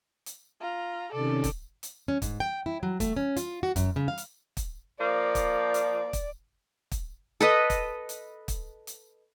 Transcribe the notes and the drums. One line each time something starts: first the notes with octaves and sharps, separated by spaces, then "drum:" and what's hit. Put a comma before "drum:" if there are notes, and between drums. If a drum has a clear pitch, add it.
drum: hi-hat
F4 A#5
C3 D#3 C#4 A4 D5
drum: kick, hi-hat
drum: hi-hat
C#4
G#2, drum: kick, hi-hat
G5
E4
F#3
A3, drum: kick, hi-hat
C#4
F4, drum: hi-hat
F#4
F#2, drum: kick, hi-hat
C#3
F5
drum: hi-hat
drum: kick, hi-hat
F3 A#3 D5
drum: kick, hi-hat
drum: hi-hat
drum: kick, hi-hat
drum: kick, hi-hat
A4 B4 D#5
drum: kick, hi-hat
drum: hi-hat
drum: kick, hi-hat
drum: hi-hat